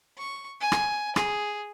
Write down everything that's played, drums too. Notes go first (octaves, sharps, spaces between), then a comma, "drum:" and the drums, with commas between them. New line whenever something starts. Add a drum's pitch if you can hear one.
C#6
G#5
drum: rim click
G#4, drum: rim click